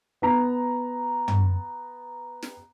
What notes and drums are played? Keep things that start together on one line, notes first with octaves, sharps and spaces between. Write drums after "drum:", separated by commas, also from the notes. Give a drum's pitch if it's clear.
B3 A#5
drum: tom
drum: snare